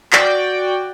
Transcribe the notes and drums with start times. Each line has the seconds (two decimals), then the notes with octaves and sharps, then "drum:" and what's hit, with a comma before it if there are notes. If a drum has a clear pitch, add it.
0.13 F#4 D5 G5, drum: clap